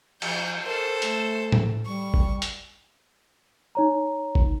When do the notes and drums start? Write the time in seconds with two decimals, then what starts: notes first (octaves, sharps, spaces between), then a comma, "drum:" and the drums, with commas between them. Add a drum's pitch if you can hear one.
0.22 F3 G6, drum: cymbal
0.65 A4 A#4 C5
1.02 A3, drum: hi-hat
1.52 drum: tom A2
1.86 G3 C#6
2.14 drum: kick G#1
2.42 drum: hi-hat
3.75 D#4 C#5 A#5
4.35 drum: kick G#1